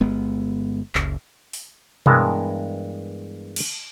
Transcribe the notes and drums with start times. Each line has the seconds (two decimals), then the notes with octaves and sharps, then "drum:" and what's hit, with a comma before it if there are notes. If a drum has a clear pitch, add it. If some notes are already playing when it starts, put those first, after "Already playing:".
0.01 G1 G#3 B3
0.95 F#1 C#2, drum: clap
1.53 drum: open hi-hat
2.06 G2 E3 G#3 B3 A#4 A5, drum: tom B2
3.56 drum: cymbal